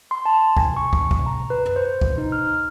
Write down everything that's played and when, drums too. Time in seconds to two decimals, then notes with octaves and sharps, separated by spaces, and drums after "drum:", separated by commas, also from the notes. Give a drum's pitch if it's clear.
0.11 C6
0.25 A5
0.57 G#5, drum: kick
0.77 C#6
0.93 drum: kick
1.11 drum: kick
1.26 A#5
1.50 B4
1.65 drum: tom
1.76 C5
2.01 drum: kick
2.18 D#4
2.32 F6